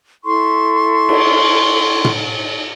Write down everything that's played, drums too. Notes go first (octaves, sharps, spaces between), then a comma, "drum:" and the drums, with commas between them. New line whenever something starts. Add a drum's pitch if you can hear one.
E4 A4 C6 C#6
drum: cymbal
drum: tom